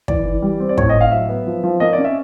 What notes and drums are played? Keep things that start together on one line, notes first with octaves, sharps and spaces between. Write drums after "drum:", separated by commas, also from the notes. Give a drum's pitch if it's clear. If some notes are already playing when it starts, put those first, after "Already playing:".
E3 D5, drum: kick
E3
G3
C4
D5
A2 C#5, drum: kick
D#5
A2
F5
F#3 E5
B3
F3
F3
A#3 D#5
D5
C#4
E5